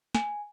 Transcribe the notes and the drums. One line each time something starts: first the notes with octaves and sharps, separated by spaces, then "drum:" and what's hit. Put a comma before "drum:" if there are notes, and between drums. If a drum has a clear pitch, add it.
G#5, drum: snare